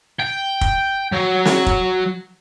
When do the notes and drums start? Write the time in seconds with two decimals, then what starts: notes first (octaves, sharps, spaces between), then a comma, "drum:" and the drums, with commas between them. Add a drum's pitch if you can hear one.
0.19 G5
0.61 drum: kick
1.13 F#3
1.45 drum: snare
1.66 drum: kick